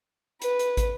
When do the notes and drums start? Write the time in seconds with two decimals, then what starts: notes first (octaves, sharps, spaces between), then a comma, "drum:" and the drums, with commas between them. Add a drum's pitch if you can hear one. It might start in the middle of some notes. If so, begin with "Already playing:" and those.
0.42 B4, drum: hi-hat
0.59 drum: hi-hat
0.77 drum: kick, hi-hat